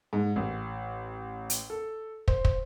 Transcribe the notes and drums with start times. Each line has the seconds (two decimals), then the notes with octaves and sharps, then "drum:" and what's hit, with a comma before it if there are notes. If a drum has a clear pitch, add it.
0.13 G#2
0.36 A1
1.50 drum: hi-hat
1.70 A4
2.28 C5, drum: kick
2.45 drum: kick